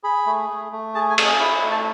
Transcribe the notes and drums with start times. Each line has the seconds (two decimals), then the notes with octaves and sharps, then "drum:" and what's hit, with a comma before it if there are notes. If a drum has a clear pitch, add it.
0.04 G#4 B5
0.26 A3
0.50 A3
0.72 A3
0.95 G#4 A5
1.10 G#5
1.18 G#4, drum: cymbal
1.26 D#5
1.40 E4 B5
1.64 A3
1.71 A5